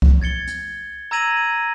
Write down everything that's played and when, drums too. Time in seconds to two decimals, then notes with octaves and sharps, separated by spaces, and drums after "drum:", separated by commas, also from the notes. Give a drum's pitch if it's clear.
0.02 drum: kick C2
0.22 G#6 A6 C#7 G7
0.47 drum: hi-hat
1.11 A#5 E6 G#6 A#6 D#7 F#7